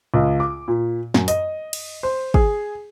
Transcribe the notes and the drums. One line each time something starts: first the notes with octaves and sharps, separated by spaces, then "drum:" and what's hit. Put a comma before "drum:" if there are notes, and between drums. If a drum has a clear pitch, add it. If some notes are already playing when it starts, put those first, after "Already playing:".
C#2
D6
A#2
F#2, drum: snare
D#5, drum: hi-hat
drum: cymbal
C5
G#4, drum: kick